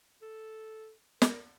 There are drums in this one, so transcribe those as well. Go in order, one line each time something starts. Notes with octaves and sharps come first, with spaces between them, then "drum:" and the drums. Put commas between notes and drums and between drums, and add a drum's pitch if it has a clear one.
A4
A#4, drum: snare